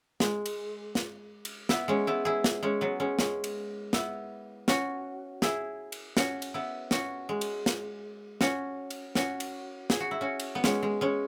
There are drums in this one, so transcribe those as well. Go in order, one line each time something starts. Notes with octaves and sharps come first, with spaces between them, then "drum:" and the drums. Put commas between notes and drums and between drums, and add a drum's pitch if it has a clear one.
G#3, drum: snare
drum: cymbal
drum: snare
drum: cymbal
B3 E4, drum: snare
G#3 C#4
B3 E4
E4 G#4
drum: snare
G#3 C#4
F#3 B3
G#3 C#4
G#3 C#4, drum: snare
drum: cymbal
B3 E4, drum: snare
C#4 F#4, drum: snare
E4 G#4, drum: snare
drum: cymbal
C#4 F#4, drum: snare
drum: cymbal
B3 E4
C#4 F#4, drum: snare
G#3
drum: cymbal
drum: snare
C#4 F#4, drum: snare
drum: cymbal
C#4 F#4, drum: snare
drum: cymbal
G#4, drum: snare
F#4
E4
C#4 F#4
drum: cymbal
B3
G#3 C#4, drum: snare
G#3
G#3 C#4